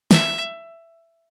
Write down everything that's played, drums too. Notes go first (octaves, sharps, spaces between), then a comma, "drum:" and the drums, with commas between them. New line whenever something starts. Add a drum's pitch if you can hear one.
E5, drum: snare